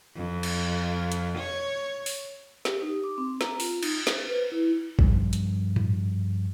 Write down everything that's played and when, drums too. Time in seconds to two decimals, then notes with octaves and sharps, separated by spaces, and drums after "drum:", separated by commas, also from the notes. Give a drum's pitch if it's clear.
0.16 F2
0.43 drum: cymbal
1.12 drum: hi-hat
1.38 C#5
2.06 drum: open hi-hat
2.65 G4, drum: snare
2.82 D#4
3.04 D6
3.18 C4
3.41 A#5, drum: snare
3.60 F4, drum: open hi-hat
3.83 D#4, drum: cymbal
4.07 C5, drum: snare
4.27 B4
4.52 E4
4.99 G2 F3, drum: kick
5.33 drum: hi-hat
5.76 drum: tom G#2